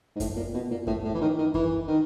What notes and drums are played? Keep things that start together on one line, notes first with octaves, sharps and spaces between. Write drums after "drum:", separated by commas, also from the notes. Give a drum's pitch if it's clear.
G#2
A2, drum: kick F#2, hi-hat
A#2
B2
A#2
A2, drum: kick F#2
A2
E3
D#3
D#3
E3, drum: kick F#2
D#3